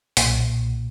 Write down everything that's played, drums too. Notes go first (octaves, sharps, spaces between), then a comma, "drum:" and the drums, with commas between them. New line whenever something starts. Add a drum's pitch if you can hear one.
B1 A#2, drum: open hi-hat